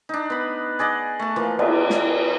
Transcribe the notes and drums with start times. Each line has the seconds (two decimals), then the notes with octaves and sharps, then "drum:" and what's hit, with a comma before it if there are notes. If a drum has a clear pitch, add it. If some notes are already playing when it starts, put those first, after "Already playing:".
0.09 D4 D#4
0.30 B3 B5
0.79 G#4 D5 D#5 F#5
1.19 A3 A5
1.36 E3 F3 A#3
1.59 B3, drum: cymbal
1.90 drum: snare